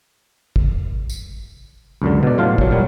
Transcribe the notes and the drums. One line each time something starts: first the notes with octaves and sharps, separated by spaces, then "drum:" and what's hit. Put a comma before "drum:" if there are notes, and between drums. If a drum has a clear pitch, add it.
drum: kick
drum: tambourine
C#2 F#2 D3
B2 D5
A2 F#3 F4 F5 A5
A#2 F#3, drum: kick
A#2 F#3 G3